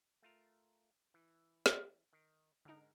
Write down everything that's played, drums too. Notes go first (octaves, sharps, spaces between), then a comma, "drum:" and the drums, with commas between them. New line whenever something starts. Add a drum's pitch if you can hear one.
A3 F4 A#4
E3
drum: snare
D#3
G#2 D3 D#4 A#4